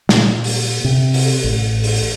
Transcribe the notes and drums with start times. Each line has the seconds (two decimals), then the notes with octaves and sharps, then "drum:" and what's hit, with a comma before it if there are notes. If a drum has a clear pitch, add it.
0.09 A#2, drum: snare
0.44 drum: open hi-hat
0.84 C3
1.14 drum: open hi-hat
1.44 A1
1.84 drum: open hi-hat